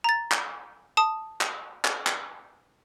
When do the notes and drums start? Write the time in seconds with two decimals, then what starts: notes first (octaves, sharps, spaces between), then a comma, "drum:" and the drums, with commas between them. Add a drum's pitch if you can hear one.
0.04 A#5 A6
0.32 drum: clap
0.97 A5 D#6
1.41 drum: clap
1.85 drum: clap
2.07 drum: clap